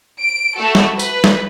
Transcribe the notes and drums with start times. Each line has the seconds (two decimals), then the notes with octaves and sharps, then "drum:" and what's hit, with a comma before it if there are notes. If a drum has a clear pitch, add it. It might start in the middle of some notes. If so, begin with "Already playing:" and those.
0.21 D7
0.57 A3 F#4 A4
0.75 drum: snare
0.99 B4, drum: tambourine
1.24 drum: snare